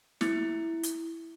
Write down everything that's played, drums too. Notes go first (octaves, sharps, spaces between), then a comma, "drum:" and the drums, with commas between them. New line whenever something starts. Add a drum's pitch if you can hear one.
E4, drum: snare
drum: hi-hat